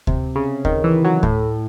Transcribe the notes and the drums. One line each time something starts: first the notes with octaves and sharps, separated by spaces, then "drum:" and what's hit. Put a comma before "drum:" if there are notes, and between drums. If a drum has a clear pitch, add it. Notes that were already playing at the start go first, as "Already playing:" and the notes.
C3, drum: kick D2
C#3
D#3, drum: kick D2
E3
F#3
A2, drum: kick D2